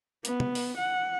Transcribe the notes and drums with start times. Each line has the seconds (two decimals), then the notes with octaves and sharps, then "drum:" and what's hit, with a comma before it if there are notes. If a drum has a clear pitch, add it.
0.25 B3, drum: hi-hat
0.40 drum: tom
0.55 drum: open hi-hat
0.78 F#5